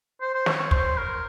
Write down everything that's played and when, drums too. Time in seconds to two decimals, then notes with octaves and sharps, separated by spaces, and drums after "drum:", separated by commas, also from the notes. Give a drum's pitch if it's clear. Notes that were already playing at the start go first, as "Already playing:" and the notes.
0.21 C5
0.35 C5
0.46 C#5, drum: snare
0.71 C5, drum: kick
0.97 A#4